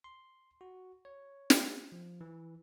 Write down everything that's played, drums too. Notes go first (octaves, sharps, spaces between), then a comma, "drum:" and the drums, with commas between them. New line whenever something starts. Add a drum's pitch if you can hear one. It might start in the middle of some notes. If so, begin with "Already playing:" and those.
C6
F#4
C#5
drum: snare
F3
E3